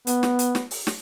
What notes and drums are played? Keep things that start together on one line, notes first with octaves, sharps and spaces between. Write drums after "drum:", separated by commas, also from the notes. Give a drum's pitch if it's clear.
B3, drum: hi-hat
drum: snare
drum: hi-hat
drum: snare
drum: open hi-hat
drum: snare